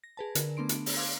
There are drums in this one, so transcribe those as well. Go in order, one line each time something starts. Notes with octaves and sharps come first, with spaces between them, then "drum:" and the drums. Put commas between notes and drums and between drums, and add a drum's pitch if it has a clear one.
A#6
G#4 B4 A5
D3 A#4, drum: hi-hat
A3 B3 D4 C6 D7
drum: hi-hat
drum: open hi-hat
F5 C6 D6 F#6 G#6